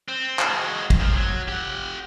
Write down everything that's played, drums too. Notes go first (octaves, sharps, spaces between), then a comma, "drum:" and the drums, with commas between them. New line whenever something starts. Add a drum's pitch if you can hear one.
C4
drum: clap
G#3 F#4
drum: kick, cymbal
A#2 F3
F#3
G4 F#5